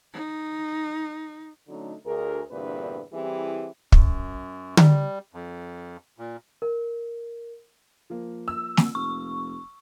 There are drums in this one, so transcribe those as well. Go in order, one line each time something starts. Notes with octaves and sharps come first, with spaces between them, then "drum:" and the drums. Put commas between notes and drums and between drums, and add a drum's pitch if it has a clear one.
D#4
D3 F#3 A3 C#4 D#4
D2 G#4 A#4
E2 G2 A#2 D3 C4 B4
E3 G3 C4 E4 G4 G#4
F#2, drum: kick
G3, drum: tom D3
F2
A#2
A#4
F3 A#3
E6
drum: snare
F1 C#6